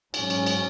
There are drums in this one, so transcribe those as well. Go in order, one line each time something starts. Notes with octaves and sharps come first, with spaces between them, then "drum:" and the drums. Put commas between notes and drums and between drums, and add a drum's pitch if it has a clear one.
G#2 F#3 C#4, drum: cymbal
drum: cymbal
drum: cymbal